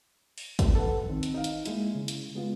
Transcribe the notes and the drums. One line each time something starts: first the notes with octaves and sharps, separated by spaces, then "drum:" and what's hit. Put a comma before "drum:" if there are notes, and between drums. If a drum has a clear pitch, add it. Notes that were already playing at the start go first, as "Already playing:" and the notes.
drum: open hi-hat
drum: kick, hi-hat
A4 B4 F#5
D#3 C4
drum: hi-hat
D#4 F5
drum: hi-hat
G#3 A#3 E4, drum: hi-hat
C#3
drum: hi-hat
G#3 B3 F4